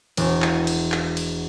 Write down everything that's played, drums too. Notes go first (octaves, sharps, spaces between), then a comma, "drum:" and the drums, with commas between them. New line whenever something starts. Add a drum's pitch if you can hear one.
E1, drum: cymbal
drum: clap
drum: cymbal
drum: clap
drum: cymbal